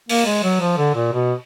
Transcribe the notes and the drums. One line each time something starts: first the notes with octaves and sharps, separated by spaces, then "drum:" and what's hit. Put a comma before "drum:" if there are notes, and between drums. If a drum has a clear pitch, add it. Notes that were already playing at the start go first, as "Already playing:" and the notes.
A#3, drum: open hi-hat
G#3
F#3
F3
D3
A#2
B2